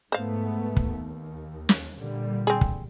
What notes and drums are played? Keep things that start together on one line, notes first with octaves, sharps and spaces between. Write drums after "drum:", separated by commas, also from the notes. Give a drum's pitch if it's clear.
G#2 A3 B3 C5 F5
drum: kick
D#2
drum: snare
A#2 D3 G3
C4 G#4
drum: kick